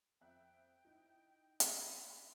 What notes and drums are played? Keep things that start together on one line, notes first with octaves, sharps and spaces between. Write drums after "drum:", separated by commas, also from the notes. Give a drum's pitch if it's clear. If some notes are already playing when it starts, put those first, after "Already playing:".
F2 E5 G5 F#6
D#4 E4
B5 C6, drum: hi-hat